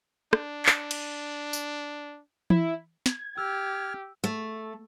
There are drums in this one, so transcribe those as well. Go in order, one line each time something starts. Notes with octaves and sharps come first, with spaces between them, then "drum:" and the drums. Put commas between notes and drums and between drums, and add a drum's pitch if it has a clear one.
D4, drum: rim click
drum: clap
drum: cymbal
drum: tambourine
E4, drum: tom E3
G#6, drum: snare
G4 E6 F6
A3